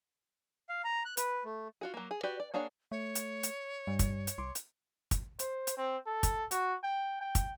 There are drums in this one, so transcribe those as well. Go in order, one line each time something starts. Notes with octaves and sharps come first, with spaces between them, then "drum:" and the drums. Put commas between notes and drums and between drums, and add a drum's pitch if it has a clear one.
F5
A#5
F#6
B4, drum: hi-hat
A3
F4 F#4 G#4
F#3 A#3
G#4
F#4 G4 B4 D5
D5
A#3 D4 G#4 C#5 F#5
A3 C#5
drum: hi-hat
drum: hi-hat
G2 G3
drum: kick, hi-hat
drum: hi-hat
C2 C6 D6
drum: hi-hat
drum: kick, hi-hat
C5, drum: hi-hat
drum: hi-hat
C4
A4
drum: kick, hi-hat
F#4, drum: hi-hat
G5
G5
drum: kick, hi-hat